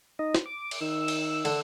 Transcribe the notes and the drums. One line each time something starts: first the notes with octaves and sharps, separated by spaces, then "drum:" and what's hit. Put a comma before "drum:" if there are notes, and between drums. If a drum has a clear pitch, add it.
D#4 D#5
drum: snare
D6
drum: cymbal
D#3 E6
drum: cymbal
D3, drum: cymbal